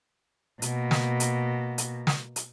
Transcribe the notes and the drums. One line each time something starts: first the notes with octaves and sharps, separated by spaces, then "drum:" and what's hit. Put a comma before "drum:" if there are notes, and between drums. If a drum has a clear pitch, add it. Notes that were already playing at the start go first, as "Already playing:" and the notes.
B2 A#3, drum: hi-hat
drum: snare
drum: hi-hat
drum: hi-hat
drum: snare
drum: hi-hat